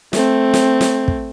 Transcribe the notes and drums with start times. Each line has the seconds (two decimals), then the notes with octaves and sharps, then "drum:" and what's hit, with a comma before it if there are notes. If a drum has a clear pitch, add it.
0.13 A3 C4, drum: snare
0.54 drum: snare
0.81 drum: snare
1.08 drum: kick